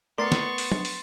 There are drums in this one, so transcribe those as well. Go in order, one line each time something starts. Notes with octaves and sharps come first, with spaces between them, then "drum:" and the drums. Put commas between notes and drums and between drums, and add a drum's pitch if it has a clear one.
A3 B3 A#4 D5 C6 C#6 A6 C7
drum: snare
drum: open hi-hat
drum: tom
drum: open hi-hat